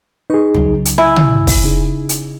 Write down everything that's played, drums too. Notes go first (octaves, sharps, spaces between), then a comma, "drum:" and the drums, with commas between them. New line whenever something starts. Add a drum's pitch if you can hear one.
D#4 G#4 B4 C#6
C2 C#3 F#3, drum: tom
drum: hi-hat
E4 G#5
drum: tom
drum: kick, open hi-hat
C#3 D#4 G#4
drum: hi-hat